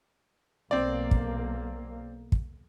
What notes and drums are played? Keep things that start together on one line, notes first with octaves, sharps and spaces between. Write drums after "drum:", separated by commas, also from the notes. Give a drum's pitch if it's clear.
B1 A#3 C4 D5
drum: kick
drum: kick